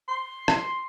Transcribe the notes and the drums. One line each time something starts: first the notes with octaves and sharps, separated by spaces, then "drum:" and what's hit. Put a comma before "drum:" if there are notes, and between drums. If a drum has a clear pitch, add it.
C6
drum: rim click